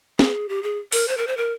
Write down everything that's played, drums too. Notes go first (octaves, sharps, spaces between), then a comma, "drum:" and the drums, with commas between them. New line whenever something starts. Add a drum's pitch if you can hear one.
G#4, drum: snare
G4
G#4
A#4, drum: open hi-hat
C5
A#4
C5
A#4